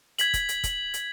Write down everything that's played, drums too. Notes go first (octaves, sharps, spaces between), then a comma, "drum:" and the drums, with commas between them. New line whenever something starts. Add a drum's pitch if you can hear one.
G#6 B6 F#7, drum: hi-hat
drum: kick, hi-hat
drum: hi-hat
drum: kick, hi-hat
drum: hi-hat